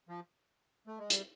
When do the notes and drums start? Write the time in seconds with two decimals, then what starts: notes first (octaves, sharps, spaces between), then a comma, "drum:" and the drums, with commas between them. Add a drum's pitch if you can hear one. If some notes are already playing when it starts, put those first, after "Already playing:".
0.09 F3
0.87 A3
0.99 G#3
1.10 G3, drum: hi-hat